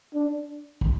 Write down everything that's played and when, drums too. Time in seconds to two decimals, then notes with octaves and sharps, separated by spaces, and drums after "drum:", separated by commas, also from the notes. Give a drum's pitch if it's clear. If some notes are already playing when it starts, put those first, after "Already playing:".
0.14 D4
0.81 drum: kick